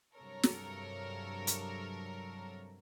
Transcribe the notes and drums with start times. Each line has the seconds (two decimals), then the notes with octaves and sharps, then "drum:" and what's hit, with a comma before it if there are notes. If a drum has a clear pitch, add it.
0.16 G2 C3 F#3 A4 A#4 C#5
0.43 drum: snare
1.47 drum: hi-hat